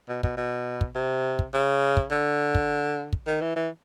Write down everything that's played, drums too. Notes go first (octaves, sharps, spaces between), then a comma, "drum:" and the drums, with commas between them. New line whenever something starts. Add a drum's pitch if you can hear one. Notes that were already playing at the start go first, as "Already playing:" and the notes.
B2
B2, drum: kick
B2
drum: kick
C3
drum: kick
C#3
drum: kick
D3
drum: kick
drum: kick
D#3
E3
E3